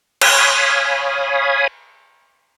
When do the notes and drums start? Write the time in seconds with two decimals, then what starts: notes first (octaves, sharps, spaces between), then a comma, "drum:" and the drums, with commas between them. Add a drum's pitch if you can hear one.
0.22 C#5 F5 G#5 B5 D#6, drum: cymbal